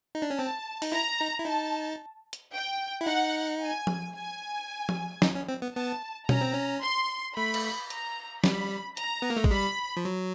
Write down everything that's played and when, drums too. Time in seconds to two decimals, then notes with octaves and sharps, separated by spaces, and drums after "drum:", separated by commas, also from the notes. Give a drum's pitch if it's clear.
0.15 D#4
0.22 D4
0.30 C#4
0.39 C4 A5
0.82 D#4, drum: open hi-hat
0.92 E4 A#5
1.20 D#4
1.39 E4
1.45 D#4 A5
2.33 drum: hi-hat
2.53 G5
3.01 E4
3.06 D#4 F#5
3.61 G#5
3.87 drum: tom F3
4.14 G#5
4.89 drum: tom F3
5.22 D#4, drum: snare
5.35 C#4
5.49 C4
5.62 B3
5.75 B3 A5
6.29 C#4 A#5, drum: tom B2
6.41 C4
6.53 C#4
6.83 C6
7.36 A3 B5
7.54 drum: cymbal
7.90 A#5, drum: hi-hat
8.44 G3 B5, drum: snare
8.97 A#5, drum: hi-hat
9.22 B3
9.30 A#3
9.36 A3
9.44 G#3, drum: kick
9.51 G3 B5
9.97 F3
10.05 F#3